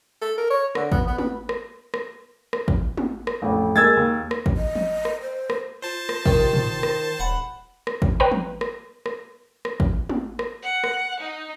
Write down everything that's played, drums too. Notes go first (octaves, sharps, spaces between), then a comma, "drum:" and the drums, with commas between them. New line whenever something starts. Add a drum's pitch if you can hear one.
A4
A#4
C#5
D3, drum: rim click
B3, drum: kick G#1
B3
B4, drum: tom
drum: rim click
drum: rim click
drum: rim click
drum: kick G#1
drum: tom
drum: rim click
A1 F2
G#3 A#3 E6 G#6 A6
D#2
drum: rim click
drum: kick G#1
D#5
drum: tom
drum: rim click
C5
drum: rim click
F4 C5 A5
drum: rim click
C3 D#3, drum: kick G#1
drum: tom
drum: rim click
D#1 F#5 B5
drum: rim click
drum: kick G#1
B4 G5 A#5
drum: tom
drum: rim click
drum: rim click
drum: rim click
drum: kick G#1
drum: tom
drum: rim click
F#5
drum: rim click
D#4